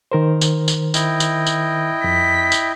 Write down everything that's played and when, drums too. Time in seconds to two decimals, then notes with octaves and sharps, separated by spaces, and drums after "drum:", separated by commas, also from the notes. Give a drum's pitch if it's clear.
0.12 D#3 A#4 C5
0.41 drum: tambourine
0.68 drum: tambourine
0.94 E4 D#5 G5, drum: tambourine
1.20 drum: tambourine
1.47 drum: tambourine
2.04 F2 B6
2.52 drum: tambourine